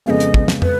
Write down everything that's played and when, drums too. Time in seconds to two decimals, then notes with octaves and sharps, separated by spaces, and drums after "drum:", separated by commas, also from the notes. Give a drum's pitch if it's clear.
0.06 F2 C#3 G#3 B3 D#5 F5
0.20 drum: hi-hat
0.34 drum: kick
0.48 drum: snare
0.62 B4, drum: tom